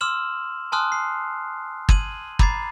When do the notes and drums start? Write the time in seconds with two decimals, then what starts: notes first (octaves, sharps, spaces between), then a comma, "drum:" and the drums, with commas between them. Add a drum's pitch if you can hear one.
0.01 C6 D6 E6 F6 E7 F#7
0.72 G#5 A5 C6 D#6 F6 F#6
0.92 C7
1.89 G#6 D#7 F#7, drum: kick
2.39 A#5 B5 D6 G#6 A6 C7, drum: kick